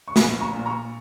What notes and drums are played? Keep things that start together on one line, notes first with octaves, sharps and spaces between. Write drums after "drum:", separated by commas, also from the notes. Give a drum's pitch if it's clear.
C#6
A#1 G#5 B5, drum: snare
A#5 C#6
A#2
A#5 C#6